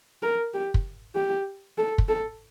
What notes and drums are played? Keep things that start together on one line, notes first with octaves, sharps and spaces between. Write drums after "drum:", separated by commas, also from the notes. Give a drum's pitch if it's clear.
A#4
G4
drum: kick
G4
A4
drum: kick
A4